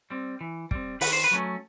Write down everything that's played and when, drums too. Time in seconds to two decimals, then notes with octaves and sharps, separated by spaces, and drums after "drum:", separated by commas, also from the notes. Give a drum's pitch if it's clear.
0.10 G3 C4
0.41 E3
0.71 G3 C4, drum: kick
1.01 D#3 B4, drum: open hi-hat
1.13 C5
1.24 B4
1.31 F#3 A3 C#4